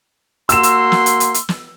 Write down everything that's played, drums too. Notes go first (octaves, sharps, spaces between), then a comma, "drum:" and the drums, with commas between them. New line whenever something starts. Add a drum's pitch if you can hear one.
A#3 F#4 C6 E6 E7, drum: hi-hat
drum: hi-hat
drum: snare
drum: hi-hat
drum: hi-hat
drum: hi-hat
drum: snare